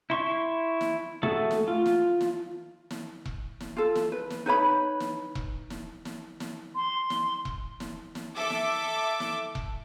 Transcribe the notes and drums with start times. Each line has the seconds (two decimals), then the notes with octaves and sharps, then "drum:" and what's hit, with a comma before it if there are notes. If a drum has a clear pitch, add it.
0.10 E4 C6 C#6
0.81 drum: snare
1.23 A3 F#4 G#4 A4
1.51 drum: snare
1.68 F4
1.86 drum: snare
2.21 drum: snare
2.90 drum: snare
3.25 drum: kick E1
3.60 drum: snare
3.77 F4 A4
3.95 drum: snare
4.12 B4
4.30 drum: snare
4.46 D#4 B4 C#5 B5
5.00 drum: snare
5.35 drum: kick E1
5.70 drum: snare
6.05 drum: snare
6.40 drum: snare
6.75 C6
7.10 drum: snare
7.45 drum: kick E1
7.80 drum: snare
8.15 drum: snare
8.35 A4 E5 D6
8.50 drum: snare
9.20 drum: snare
9.55 drum: kick E1